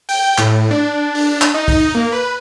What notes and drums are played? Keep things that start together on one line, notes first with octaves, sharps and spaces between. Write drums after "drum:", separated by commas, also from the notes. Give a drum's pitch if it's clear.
G5, drum: open hi-hat
A2, drum: clap
D4
drum: open hi-hat
drum: clap
D#4
drum: kick, open hi-hat
A#3
B4